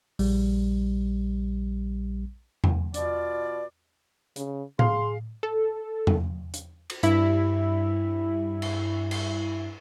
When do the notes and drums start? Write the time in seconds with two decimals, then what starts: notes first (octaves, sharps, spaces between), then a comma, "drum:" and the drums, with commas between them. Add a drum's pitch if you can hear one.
0.19 A#1 G3, drum: open hi-hat
2.64 drum: tom E2
2.94 B2 F4 D5, drum: hi-hat
4.36 C#3, drum: hi-hat
4.79 G#4 F5 C6, drum: tom A2
5.43 A4
6.07 drum: tom E2
6.54 drum: hi-hat
6.90 drum: cymbal
7.03 G2 E4, drum: hi-hat
8.62 drum: cymbal
9.11 drum: cymbal